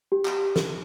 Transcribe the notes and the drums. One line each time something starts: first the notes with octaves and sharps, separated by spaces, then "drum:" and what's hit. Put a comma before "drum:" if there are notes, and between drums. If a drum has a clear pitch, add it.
G4
drum: clap
A4, drum: snare